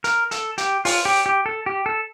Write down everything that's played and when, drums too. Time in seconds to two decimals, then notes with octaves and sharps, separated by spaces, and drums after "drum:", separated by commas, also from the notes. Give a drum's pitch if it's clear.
0.04 A#4, drum: hi-hat
0.31 A4, drum: hi-hat
0.58 G4, drum: hi-hat
0.85 F4, drum: open hi-hat
1.05 G4
1.26 G4
1.46 A4
1.66 G4
1.86 A4